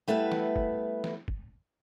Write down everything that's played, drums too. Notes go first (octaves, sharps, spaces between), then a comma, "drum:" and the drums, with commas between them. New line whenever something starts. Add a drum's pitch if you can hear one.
G3 A3 B3 E4 B4
drum: snare
drum: kick
drum: snare
drum: kick